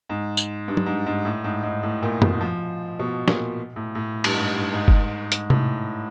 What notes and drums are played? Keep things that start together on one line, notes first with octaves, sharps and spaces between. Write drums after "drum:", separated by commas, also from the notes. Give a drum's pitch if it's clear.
G#2
drum: tambourine
G2
drum: tom F#3
G#2
G#2
A2
G#2
G#2
A2
A#2
B2, drum: tom
F3
B2
A#2, drum: snare
A2
A2
G2, drum: cymbal
G#2
G2
G#2
drum: kick F#1
G#2, drum: hi-hat
A2, drum: tom C3